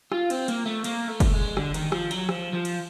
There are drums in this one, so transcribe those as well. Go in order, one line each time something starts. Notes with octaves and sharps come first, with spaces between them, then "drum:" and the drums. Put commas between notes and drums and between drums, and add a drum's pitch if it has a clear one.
F4, drum: rim click
C4, drum: cymbal
A#3, drum: cymbal
A3
A#3, drum: cymbal
A3
drum: kick, cymbal
G#3
D3, drum: rim click
D#3, drum: cymbal
F3, drum: rim click
F#3, drum: cymbal
F3, drum: rim click
F3
drum: cymbal